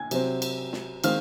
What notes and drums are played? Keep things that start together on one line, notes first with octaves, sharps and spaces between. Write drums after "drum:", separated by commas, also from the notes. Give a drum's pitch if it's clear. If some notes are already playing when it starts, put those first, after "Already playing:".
Already playing: G#5 G#6
C3 F#3 C4, drum: cymbal
drum: cymbal
drum: snare
D#3 G#3 C4 F5 F6, drum: cymbal